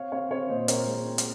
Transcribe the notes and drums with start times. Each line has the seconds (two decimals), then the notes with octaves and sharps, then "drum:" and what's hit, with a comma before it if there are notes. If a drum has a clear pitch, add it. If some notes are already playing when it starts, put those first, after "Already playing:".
Already playing: C4 C#5 F5
0.12 C4 C#5 F5
0.31 C4 C#5 F5
0.49 A#2 C5 D#5
0.68 C4 A#4 C#5, drum: hi-hat
0.87 G#3
1.06 C4
1.18 drum: hi-hat